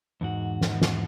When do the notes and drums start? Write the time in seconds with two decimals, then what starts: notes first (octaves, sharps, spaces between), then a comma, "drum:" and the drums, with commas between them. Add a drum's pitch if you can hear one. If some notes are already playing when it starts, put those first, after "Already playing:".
0.21 E2 G#2 F#4
0.61 drum: snare
0.81 drum: snare